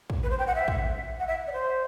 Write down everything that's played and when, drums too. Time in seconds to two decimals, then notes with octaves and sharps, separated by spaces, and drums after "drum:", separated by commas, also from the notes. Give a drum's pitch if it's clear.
0.10 drum: kick
0.23 B4
0.30 C5
0.39 G5
0.47 F#5
0.55 E5
0.68 drum: kick
1.19 F#5
1.27 E5
1.47 D5
1.52 C5